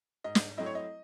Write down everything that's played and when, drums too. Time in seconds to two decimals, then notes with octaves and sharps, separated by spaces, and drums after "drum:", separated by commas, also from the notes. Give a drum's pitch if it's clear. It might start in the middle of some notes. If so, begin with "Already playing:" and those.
0.24 G#2 D#5
0.35 drum: snare
0.57 F#3 A3 C4 E4 D#5
0.66 C#5
0.75 D#5